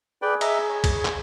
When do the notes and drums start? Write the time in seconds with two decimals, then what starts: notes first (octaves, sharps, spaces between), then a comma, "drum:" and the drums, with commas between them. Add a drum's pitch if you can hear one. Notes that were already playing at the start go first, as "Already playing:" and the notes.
0.22 G#4 B4 D5 G5
0.41 D#5 E5 A#5, drum: cymbal
0.69 C#5
0.84 drum: kick C2, cymbal
1.05 drum: clap